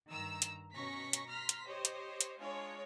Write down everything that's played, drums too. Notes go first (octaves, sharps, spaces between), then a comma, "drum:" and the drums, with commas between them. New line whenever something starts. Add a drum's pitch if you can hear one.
G2 D#3 A#5 E6
drum: hi-hat
B2 C#4 A#5 C#6 A#6 B6
drum: hi-hat
A#5 C6 F6 A#6 B6
drum: hi-hat
G4 C5 C#5 D#5
drum: hi-hat
drum: hi-hat
G#3 D4 F4 C#5